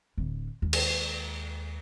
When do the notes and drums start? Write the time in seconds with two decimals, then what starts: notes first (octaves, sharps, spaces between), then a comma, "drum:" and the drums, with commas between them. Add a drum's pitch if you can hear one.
0.18 D1 D2
0.62 D#2 G#3
0.73 drum: cymbal